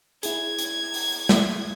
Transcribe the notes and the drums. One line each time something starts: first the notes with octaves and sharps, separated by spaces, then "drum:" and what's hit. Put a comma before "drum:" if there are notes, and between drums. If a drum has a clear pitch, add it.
E4 G#4 G#6, drum: hi-hat
drum: hi-hat
drum: open hi-hat
drum: snare